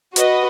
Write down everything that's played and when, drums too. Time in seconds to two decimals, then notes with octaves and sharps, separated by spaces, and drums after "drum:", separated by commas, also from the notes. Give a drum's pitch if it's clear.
0.16 F#4 B4 D#5, drum: hi-hat